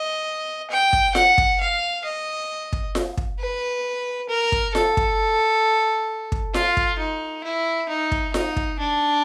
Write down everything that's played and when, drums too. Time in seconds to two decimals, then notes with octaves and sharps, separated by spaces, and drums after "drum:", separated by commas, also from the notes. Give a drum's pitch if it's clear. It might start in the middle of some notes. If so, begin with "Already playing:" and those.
Already playing: D#5
0.71 G5
0.93 drum: kick
1.15 F#5, drum: snare F4
1.38 drum: kick
1.61 F5
2.05 D#5
2.73 drum: kick
2.95 drum: snare F4
3.17 drum: kick
3.39 B4
4.29 A#4
4.52 drum: kick
4.75 A4, drum: snare F4
4.97 drum: kick
6.32 drum: kick
6.54 F4, drum: snare F4
6.77 drum: kick
6.99 D#4
7.44 E4
7.89 D#4
8.12 drum: kick
8.34 D#4, drum: snare F4
8.56 drum: kick
8.79 D4